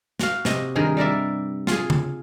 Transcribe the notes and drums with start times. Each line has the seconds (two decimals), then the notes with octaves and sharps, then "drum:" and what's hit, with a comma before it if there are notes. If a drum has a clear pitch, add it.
0.19 F#4 F5, drum: snare
0.45 C3 D#5, drum: snare
0.75 G2 D#3 G#4 A#4
0.97 G3 A#4 D5 E5
1.67 F4 G#4, drum: snare
1.90 drum: tom C#3